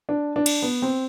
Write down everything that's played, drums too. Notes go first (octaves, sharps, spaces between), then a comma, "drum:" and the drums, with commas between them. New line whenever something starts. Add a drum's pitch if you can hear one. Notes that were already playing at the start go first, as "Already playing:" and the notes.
D4
D4
drum: cymbal
B3
C4